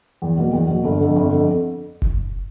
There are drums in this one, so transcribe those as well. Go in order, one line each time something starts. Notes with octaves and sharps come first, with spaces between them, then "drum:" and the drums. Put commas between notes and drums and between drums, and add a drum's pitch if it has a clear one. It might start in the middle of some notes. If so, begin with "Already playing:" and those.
E2
B2 F#3 A#3
E2
B2 F#3 A#3
G1
F2 D3
G1
F2 D3
drum: kick F#1